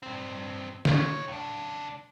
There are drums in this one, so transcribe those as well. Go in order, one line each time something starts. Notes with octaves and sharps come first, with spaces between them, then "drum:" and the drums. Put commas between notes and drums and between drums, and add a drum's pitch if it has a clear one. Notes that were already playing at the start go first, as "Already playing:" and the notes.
G2 C4
B1 C#5, drum: snare
C#2 D4